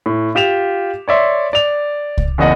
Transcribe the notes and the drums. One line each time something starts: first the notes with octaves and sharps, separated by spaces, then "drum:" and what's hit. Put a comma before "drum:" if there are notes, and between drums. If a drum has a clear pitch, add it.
A2
F4 G4 E7 F7
C#5 D5 E5 C6
D5 F7
drum: kick C2
F#1 E2 D#5 F#5